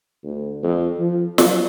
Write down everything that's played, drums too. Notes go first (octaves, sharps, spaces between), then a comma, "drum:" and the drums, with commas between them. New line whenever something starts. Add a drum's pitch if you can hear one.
D2
F2
F3
F#3, drum: snare